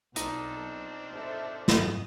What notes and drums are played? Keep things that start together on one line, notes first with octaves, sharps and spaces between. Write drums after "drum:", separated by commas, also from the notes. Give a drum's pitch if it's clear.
B1 F3 C4 D4 D#4 A4, drum: hi-hat
A4 C5 E5
G#1 F#2 D#6, drum: snare